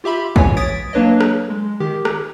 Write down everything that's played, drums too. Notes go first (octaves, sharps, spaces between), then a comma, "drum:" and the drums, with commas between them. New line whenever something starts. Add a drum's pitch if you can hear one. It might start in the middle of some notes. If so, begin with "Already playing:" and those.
F4 G4 E5 B5 C6
C#2 E3 C#5 G#5, drum: kick
D#6 G#6 A6 B6 D7
F#3 A#3 D4 B4 C#5 D#5
drum: rim click
G#3
D#3 G4
drum: rim click